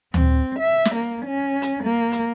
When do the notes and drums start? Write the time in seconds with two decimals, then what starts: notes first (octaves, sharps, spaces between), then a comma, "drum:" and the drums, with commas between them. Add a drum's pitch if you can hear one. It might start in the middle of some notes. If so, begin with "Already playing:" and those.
0.14 C4, drum: tom D2
0.59 E5
0.85 drum: snare
0.95 A#3
1.26 C#4
1.62 drum: hi-hat
1.84 A#3
2.12 drum: hi-hat